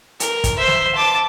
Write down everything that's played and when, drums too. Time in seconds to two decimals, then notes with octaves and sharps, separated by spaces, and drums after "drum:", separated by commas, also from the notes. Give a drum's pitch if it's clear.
0.20 A#4, drum: hi-hat
0.44 drum: kick, hi-hat
0.57 C5 E5
0.67 drum: snare
0.95 A5 D6